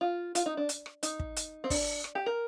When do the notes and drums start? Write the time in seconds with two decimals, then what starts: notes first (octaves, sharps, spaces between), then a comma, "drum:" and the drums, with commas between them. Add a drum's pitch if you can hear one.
0.01 F4
0.35 F4, drum: hi-hat
0.46 D#4
0.57 D4
0.69 drum: hi-hat
0.86 drum: rim click
1.03 D#4, drum: hi-hat
1.20 drum: kick
1.36 drum: hi-hat
1.64 C4
1.70 D4, drum: kick, open hi-hat
2.04 drum: rim click
2.15 G4
2.26 A#4